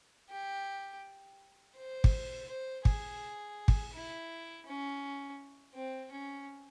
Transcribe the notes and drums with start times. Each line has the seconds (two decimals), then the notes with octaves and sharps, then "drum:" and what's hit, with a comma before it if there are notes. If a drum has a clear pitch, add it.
0.30 G4
1.76 C5
2.04 drum: kick
2.48 C5
2.85 G#4, drum: kick
3.68 drum: kick
3.94 E4
4.66 C#4
5.75 C4
6.12 C#4